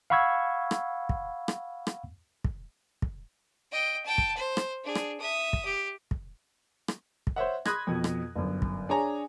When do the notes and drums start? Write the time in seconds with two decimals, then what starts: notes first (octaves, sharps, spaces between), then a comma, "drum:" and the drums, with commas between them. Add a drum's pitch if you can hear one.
0.10 F5 F#5 B5 C#6 E6 G#6
0.71 drum: rim click
1.09 drum: kick
1.48 drum: rim click
1.87 drum: rim click
2.44 drum: kick
3.02 drum: kick
3.72 D#5 G5
4.05 G5 A5
4.18 drum: kick
4.36 C5
4.57 drum: rim click
4.84 D4 G#4
4.95 drum: rim click
5.20 E5 D#6
5.53 drum: kick
5.65 G4
6.11 drum: kick
6.88 drum: rim click
7.27 drum: kick
7.36 C5 C#5 E5 F#5
7.65 B5 C6 D#6 F#6 G#6 A#6, drum: rim click
7.87 F2 B2
8.04 drum: rim click
8.36 G1 F#2
8.62 drum: kick
8.89 D4 G#4 C#5 G#5 A#5